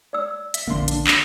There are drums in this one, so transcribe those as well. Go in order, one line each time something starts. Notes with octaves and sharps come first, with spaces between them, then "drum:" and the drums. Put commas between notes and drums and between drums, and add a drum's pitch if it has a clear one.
D5 E6
E5, drum: hi-hat
A#1 F2 D3 A#3 D4 C6
D4, drum: hi-hat
drum: clap